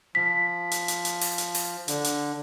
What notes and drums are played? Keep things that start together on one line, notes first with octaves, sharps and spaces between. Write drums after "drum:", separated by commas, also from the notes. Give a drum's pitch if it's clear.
F3 B6
drum: hi-hat
drum: hi-hat
drum: hi-hat
drum: open hi-hat
drum: hi-hat
drum: open hi-hat
D3, drum: hi-hat
drum: hi-hat